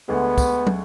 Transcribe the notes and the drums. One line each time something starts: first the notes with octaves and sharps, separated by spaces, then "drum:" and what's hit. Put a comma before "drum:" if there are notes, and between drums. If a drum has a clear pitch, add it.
D2 D3 G#3 B3
drum: kick, tambourine
drum: tom